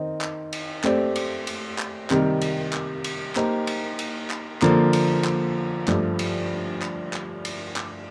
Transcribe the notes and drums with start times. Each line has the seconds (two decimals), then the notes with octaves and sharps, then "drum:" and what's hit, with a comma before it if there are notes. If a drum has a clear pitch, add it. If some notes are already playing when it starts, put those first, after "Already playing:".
Already playing: D#3 C4 D#4
0.21 drum: clap
0.53 drum: cymbal
0.84 A3 C4 G4 D5, drum: clap
1.16 drum: cymbal
1.47 drum: cymbal
1.78 drum: clap
2.10 C3 D#3 G3, drum: clap
2.41 drum: cymbal
2.73 drum: clap
3.04 drum: cymbal
3.36 A#3 D#4 G4 C5, drum: clap
3.67 drum: cymbal
3.99 drum: cymbal
4.30 drum: clap
4.62 D3 F3 A#3, drum: clap
4.93 drum: cymbal
5.25 drum: clap
5.88 G2 F3 A3, drum: clap
6.19 drum: cymbal
6.82 drum: clap
7.13 drum: clap
7.45 drum: cymbal
7.76 drum: clap